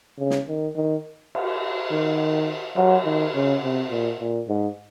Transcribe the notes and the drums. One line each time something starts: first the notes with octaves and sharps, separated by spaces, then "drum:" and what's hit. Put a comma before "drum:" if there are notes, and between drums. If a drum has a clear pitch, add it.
C#3
drum: snare
D#3
D#3
drum: cymbal
D#3
F#3, drum: cymbal
D#3
C#3
C3
A#2
A#2
G#2